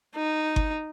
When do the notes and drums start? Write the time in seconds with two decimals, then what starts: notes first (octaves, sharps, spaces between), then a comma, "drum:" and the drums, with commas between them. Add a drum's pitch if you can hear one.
0.16 D#4
0.56 drum: kick G1